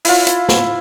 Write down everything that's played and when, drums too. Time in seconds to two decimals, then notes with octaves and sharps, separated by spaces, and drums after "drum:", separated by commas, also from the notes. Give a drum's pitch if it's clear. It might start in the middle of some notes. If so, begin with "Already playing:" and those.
0.05 E4 F4, drum: open hi-hat
0.27 drum: hi-hat
0.49 drum: snare